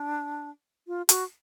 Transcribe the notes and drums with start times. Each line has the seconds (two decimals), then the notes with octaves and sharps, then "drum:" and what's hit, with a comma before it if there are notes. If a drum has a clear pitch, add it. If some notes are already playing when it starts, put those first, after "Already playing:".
Already playing: D4
0.87 F4
1.09 F#4, drum: hi-hat